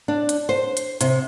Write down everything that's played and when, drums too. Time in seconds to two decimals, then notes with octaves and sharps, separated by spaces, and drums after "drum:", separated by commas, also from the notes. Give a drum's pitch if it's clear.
0.08 D4
0.29 drum: hi-hat
0.49 C5
0.77 drum: hi-hat
1.01 C3, drum: hi-hat